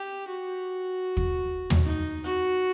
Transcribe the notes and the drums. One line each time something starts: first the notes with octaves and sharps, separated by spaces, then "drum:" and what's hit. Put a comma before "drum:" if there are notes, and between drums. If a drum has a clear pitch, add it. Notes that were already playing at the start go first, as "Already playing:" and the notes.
Already playing: G4
F#4
drum: kick
drum: tom
D#4
F#4